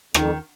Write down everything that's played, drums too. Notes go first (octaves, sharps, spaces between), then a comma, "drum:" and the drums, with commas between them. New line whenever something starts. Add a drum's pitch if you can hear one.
F2 D#3, drum: rim click